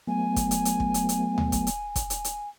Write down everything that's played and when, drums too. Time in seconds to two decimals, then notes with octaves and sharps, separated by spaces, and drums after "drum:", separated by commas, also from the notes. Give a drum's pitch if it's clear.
0.07 F#3 A3 B3 G#5
0.36 drum: kick, hi-hat
0.51 drum: hi-hat
0.65 drum: hi-hat
0.80 drum: kick
0.94 drum: hi-hat
1.09 drum: hi-hat
1.38 drum: tom D2
1.52 drum: kick, hi-hat
1.67 drum: hi-hat
1.96 drum: kick, hi-hat
2.10 drum: hi-hat
2.25 drum: hi-hat